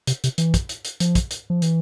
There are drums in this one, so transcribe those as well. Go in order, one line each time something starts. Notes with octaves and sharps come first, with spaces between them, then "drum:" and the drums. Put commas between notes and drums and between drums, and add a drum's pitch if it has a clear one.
C3, drum: hi-hat
C3, drum: hi-hat
E3, drum: hi-hat
drum: kick, hi-hat
drum: hi-hat
drum: hi-hat
F3, drum: hi-hat
drum: kick, hi-hat
drum: hi-hat
F3
E3, drum: hi-hat